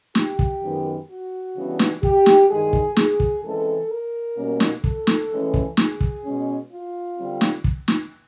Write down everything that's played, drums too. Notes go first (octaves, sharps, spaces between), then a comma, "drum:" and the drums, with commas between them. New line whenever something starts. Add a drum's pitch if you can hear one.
G4, drum: snare
drum: kick
F#2 D#3 G#3 B3
F#4
C#3 E3 G3 B3 D4
drum: snare
G4, drum: kick
drum: snare
G2 D#3 G#3 G#4
drum: kick
G#4, drum: snare
drum: kick
C#3 E3 G#3 C4 A4
A#4
B2 G3 A#3 C#4
drum: snare
A4, drum: kick
drum: snare
A2 E3 G#3 C#4
drum: kick
G#4, drum: snare
drum: kick
B2 G#3 C#4
F4
D3 G3 C4
drum: snare
drum: kick
drum: snare